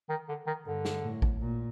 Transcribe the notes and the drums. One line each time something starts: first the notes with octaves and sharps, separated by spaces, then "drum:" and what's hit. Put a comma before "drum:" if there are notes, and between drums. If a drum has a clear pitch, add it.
D#3
D3
D#3
G2 D3
drum: snare
A2
drum: kick A1
A#2